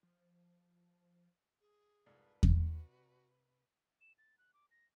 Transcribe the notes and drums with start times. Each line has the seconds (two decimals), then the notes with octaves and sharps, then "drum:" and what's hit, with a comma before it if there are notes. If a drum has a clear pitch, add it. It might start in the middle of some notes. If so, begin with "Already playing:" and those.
0.03 F3
1.60 G#4
2.06 C2 F2 G#2 C3 B4 D5 A5
2.43 F#4, drum: kick E2
4.01 E7
4.18 A6
4.38 F#6
4.54 D6
4.71 A#6